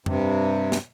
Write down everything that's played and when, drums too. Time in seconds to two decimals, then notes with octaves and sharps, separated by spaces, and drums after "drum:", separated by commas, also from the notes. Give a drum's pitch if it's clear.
0.06 G2 C3, drum: tom F2
0.72 drum: snare